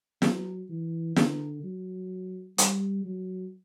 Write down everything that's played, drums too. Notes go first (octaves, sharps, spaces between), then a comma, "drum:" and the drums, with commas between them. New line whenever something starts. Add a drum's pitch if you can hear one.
F#3, drum: snare
E3
D3, drum: snare
F#3
G3, drum: hi-hat
F#3